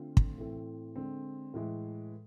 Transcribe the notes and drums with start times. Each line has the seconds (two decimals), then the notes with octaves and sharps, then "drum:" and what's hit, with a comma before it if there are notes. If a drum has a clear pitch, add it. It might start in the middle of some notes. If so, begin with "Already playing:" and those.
Already playing: D3 A3 C4 F4
0.17 drum: kick
0.38 A2 E3 A3 C4
0.96 D3 G#3 C4
1.54 A2 E3 G#3